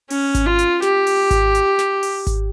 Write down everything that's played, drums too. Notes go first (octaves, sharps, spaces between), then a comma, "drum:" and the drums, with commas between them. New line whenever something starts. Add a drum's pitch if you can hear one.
C#4, drum: open hi-hat
drum: kick G#1, hi-hat
F4
drum: hi-hat
G4, drum: snare
drum: open hi-hat
drum: kick G#1, hi-hat
drum: hi-hat
drum: snare
drum: open hi-hat
drum: kick G#1, hi-hat